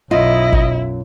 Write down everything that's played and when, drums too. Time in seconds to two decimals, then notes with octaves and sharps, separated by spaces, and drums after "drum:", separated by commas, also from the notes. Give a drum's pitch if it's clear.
0.11 B1 F#2 E4 F4 D#5
0.52 drum: kick